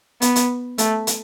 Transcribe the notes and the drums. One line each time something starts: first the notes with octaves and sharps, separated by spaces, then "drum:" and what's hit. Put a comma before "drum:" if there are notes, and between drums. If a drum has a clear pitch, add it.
B3, drum: hi-hat
drum: hi-hat
A3, drum: hi-hat
drum: hi-hat